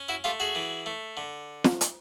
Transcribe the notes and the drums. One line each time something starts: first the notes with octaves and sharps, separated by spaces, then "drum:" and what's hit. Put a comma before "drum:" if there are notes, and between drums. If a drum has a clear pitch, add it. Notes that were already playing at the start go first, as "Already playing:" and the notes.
Already playing: C#4
E4 F#4
A3 F4 G4
F#4 G#4
E3
A3
D3
drum: snare
drum: hi-hat